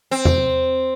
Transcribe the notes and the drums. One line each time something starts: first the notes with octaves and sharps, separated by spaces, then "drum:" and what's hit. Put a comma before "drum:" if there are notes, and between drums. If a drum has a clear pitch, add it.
C4
drum: tom E2